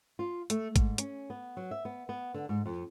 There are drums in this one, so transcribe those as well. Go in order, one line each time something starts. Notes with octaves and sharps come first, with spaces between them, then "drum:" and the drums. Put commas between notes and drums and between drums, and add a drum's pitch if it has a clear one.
F4
A3, drum: hi-hat
G#2, drum: kick, hi-hat
C#4, drum: hi-hat
B3
F#3
E5
B3
B3
D3
G#2
F2